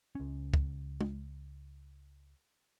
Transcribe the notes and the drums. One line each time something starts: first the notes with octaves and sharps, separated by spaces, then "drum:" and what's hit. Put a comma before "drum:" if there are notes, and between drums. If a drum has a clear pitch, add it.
C#2 C#4
drum: kick C#2
drum: tom